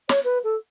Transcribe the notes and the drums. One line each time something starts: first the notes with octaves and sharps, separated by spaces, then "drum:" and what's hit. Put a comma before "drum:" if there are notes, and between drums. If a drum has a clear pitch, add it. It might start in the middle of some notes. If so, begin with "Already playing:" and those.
C#5, drum: snare
B4
A4